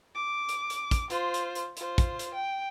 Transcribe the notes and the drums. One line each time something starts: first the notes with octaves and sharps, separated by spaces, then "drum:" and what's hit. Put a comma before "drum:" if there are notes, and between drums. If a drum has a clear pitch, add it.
D6
drum: hi-hat
drum: hi-hat
drum: kick, hi-hat
F4 C5, drum: hi-hat
drum: hi-hat
drum: hi-hat
F4 C5, drum: hi-hat
drum: kick, hi-hat
drum: hi-hat
G5